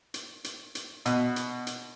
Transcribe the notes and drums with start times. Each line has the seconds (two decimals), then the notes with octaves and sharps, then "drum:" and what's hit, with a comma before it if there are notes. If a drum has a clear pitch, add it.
0.14 drum: hi-hat
0.44 drum: hi-hat
0.75 drum: hi-hat
1.06 B2, drum: hi-hat
1.36 drum: hi-hat
1.67 drum: hi-hat